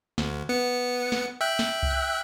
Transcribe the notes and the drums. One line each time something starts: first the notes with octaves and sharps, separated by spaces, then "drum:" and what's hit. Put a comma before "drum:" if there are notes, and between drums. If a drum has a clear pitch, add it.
D2, drum: snare
B3 C#7
drum: snare
E5 G5 F#6
drum: snare
drum: kick C2